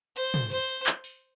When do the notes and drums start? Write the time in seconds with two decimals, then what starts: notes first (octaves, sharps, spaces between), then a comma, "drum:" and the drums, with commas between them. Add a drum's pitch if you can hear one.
0.16 C5, drum: hi-hat
0.34 drum: tom
0.51 C5, drum: hi-hat
0.69 drum: hi-hat
0.86 drum: clap
1.04 drum: open hi-hat